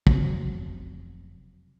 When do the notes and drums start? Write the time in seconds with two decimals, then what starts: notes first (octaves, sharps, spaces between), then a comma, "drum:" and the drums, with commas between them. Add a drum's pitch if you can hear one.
0.07 F1 F#3 C4, drum: kick